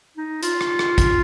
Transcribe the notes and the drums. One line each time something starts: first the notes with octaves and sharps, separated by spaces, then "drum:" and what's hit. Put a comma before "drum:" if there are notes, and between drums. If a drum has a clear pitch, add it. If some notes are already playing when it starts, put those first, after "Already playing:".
D#4
F4, drum: hi-hat
drum: rim click
drum: rim click
drum: kick A1, hi-hat